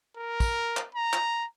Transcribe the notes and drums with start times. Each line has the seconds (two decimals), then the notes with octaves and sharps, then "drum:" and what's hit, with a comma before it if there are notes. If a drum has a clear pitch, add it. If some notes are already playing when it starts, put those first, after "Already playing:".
0.17 A#4
0.40 drum: kick, tambourine
0.77 drum: clap
0.95 A#5
1.13 drum: clap